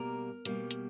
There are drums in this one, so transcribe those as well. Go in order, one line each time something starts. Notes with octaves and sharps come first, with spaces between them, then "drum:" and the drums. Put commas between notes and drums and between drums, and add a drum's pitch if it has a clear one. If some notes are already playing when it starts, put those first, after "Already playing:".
Already playing: B2 G3 A#3 A#4
B2 G3 A#3, drum: hi-hat
drum: hi-hat